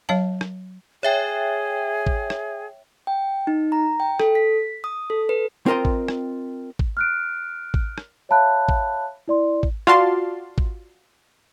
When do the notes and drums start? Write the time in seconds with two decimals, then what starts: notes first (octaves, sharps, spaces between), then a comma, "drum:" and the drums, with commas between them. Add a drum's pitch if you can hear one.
0.09 F#3 C#5 F5 A5
0.41 drum: rim click
1.03 G#4 C#5 E5 G5
2.07 drum: kick G#1
2.30 drum: rim click
3.07 G5
3.47 D#4
3.72 A#5
4.00 G5
4.20 A4, drum: rim click
4.35 B6
4.84 D#6
5.10 A4
5.29 B4
5.66 C4 F4 A#4 D#5 G5
5.85 drum: kick G#1
6.08 drum: rim click
6.79 drum: kick G#1
6.97 F6 F#6 D7
7.74 drum: kick G#1
7.98 drum: rim click
8.29 C#5 E5 F5 A5 B5 F#6
8.69 drum: kick G#1
9.28 E4 D5 C6
9.63 drum: kick G#1
9.87 F4 F#4 D5 F5 A5 C6, drum: rim click
10.58 drum: kick G#1